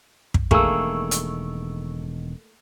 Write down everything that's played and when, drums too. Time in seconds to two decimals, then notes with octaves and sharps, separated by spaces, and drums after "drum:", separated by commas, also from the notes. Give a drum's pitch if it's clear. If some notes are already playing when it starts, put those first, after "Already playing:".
0.34 drum: kick
0.51 E1 D#3 A3 A#3 G#4 C#6 E6, drum: kick
1.11 drum: hi-hat